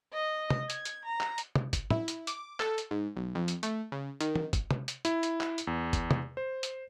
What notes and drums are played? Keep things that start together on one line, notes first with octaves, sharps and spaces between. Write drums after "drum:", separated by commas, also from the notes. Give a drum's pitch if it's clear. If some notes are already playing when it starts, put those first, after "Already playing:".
D#5
drum: tom
G#6, drum: hi-hat
drum: hi-hat
A#5
drum: clap
drum: hi-hat
drum: tom
drum: kick, hi-hat
E4, drum: tom
drum: hi-hat
D6, drum: hi-hat
A4, drum: clap
drum: hi-hat
G#2
B1
F2
drum: hi-hat
A3, drum: hi-hat
C#3
D#3, drum: hi-hat
drum: tom
drum: kick, hi-hat
drum: tom
drum: hi-hat
E4, drum: hi-hat
drum: hi-hat
drum: clap
drum: hi-hat
E2
drum: kick, hi-hat
drum: tom
C5
drum: hi-hat